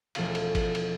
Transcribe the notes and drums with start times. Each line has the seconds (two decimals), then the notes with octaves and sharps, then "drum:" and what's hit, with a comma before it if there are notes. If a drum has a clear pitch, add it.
0.15 E1 F3 A3 C#4 A4 F5, drum: cymbal
0.35 drum: cymbal
0.55 drum: kick, cymbal
0.75 drum: cymbal